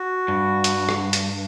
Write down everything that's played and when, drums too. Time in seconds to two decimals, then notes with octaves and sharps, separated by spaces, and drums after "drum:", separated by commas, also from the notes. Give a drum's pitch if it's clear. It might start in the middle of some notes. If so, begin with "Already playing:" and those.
Already playing: F#4
0.28 G2
0.64 drum: hi-hat
0.89 drum: rim click
1.13 drum: hi-hat